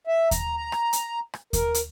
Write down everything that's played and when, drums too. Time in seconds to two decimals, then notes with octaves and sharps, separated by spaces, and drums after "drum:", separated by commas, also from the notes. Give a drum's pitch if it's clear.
0.07 E5
0.31 A#5, drum: kick D#2, hi-hat
0.57 A#5
0.72 drum: rim click
0.93 drum: hi-hat
1.34 drum: rim click
1.53 A#4, drum: kick D#2, hi-hat
1.74 drum: hi-hat